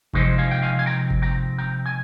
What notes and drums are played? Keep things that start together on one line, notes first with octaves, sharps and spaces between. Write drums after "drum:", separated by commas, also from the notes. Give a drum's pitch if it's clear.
C3 F3 G#3 C4 D#4 G#4 C5, drum: kick G1
F5 G#5
G5
F5 G#5
G#5
G5 A#5
drum: kick G1
G5 A#5
G5 A#5
G#5